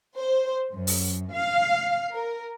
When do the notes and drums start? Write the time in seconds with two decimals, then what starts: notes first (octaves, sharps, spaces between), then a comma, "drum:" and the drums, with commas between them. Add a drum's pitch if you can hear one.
0.17 C5
0.72 F#2
0.87 drum: open hi-hat
1.32 F5
2.12 A#4